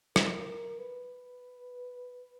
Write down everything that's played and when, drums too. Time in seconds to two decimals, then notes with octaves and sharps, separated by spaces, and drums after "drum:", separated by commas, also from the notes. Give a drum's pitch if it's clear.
0.16 A#4, drum: rim click
0.47 A#4
0.79 B4